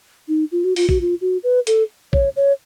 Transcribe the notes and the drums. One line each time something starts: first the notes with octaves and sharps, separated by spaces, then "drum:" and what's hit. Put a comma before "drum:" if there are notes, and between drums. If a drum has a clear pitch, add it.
D#4
F4
F#4
F4, drum: open hi-hat
F#4, drum: kick A#1
F4
F#4
B4
A4, drum: hi-hat
C#5, drum: kick A#1
C#5